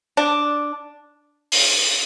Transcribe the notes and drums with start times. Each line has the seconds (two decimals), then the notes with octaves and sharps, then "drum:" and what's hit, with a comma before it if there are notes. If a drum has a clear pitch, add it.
0.17 D4
1.52 drum: open hi-hat